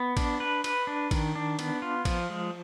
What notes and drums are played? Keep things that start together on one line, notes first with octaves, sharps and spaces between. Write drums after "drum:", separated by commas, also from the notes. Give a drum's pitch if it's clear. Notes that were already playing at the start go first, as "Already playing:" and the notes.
Already playing: B3
D4, drum: kick, cymbal
B4
B4, drum: cymbal
D4
D#3, drum: kick, cymbal
D4
B3, drum: cymbal
F4
F3, drum: kick, cymbal
G#3